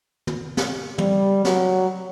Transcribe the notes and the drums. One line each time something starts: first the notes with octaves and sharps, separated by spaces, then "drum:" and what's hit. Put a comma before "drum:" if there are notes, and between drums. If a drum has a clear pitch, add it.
drum: tom
drum: snare
G3, drum: tom
F#3, drum: snare